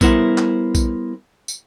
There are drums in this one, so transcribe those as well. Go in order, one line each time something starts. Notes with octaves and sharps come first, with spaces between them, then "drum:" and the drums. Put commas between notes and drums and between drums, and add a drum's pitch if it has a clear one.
G3 B3 E4 A#4 C5 F#5, drum: kick A#1, tambourine
drum: clap
drum: kick A#1, tambourine
drum: tambourine